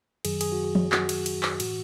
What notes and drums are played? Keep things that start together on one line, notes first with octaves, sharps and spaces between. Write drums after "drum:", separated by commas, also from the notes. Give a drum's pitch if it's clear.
F#2 D#3 F#3 G#4, drum: cymbal
G#4, drum: cymbal
F#4
G#4
drum: tom F3
F#4, drum: clap
drum: cymbal
drum: cymbal
drum: clap
A2 E3 F#4, drum: cymbal